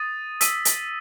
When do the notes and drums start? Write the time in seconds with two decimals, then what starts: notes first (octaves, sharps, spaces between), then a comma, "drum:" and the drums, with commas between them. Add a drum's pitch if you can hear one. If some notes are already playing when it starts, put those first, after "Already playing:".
Already playing: D#6 A6 D#7
0.41 E6 B6 D#7, drum: hi-hat
0.65 drum: hi-hat